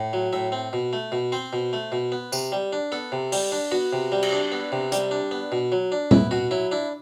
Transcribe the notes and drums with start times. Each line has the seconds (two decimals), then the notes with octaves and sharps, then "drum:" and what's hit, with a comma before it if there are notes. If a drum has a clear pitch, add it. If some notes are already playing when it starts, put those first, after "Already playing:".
Already playing: A2
0.13 F#3
0.33 A2 E5
0.52 C4
0.73 B2
0.93 A3
1.12 B2
1.32 C4 C5
1.53 B2
1.73 A3
1.92 B2
2.12 B3
2.32 C3, drum: tambourine
2.52 G3
2.73 D4
2.92 B3 A4
3.12 C3
3.32 G3, drum: open hi-hat
3.52 D4
3.72 B3 F#4
3.93 C3
4.12 G3
4.23 drum: cymbal
4.33 D4
4.52 B3
4.72 C3
4.92 G3, drum: hi-hat
5.11 D4
5.31 B3
5.52 B2
5.72 F#3
5.92 D4
6.11 B3 E4, drum: tom
6.31 B2 F#4
6.51 F#3 E4
6.72 D4 E4